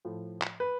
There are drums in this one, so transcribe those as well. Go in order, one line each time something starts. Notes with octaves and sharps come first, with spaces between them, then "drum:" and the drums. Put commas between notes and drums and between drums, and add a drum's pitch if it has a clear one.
A2 F3
drum: clap
B4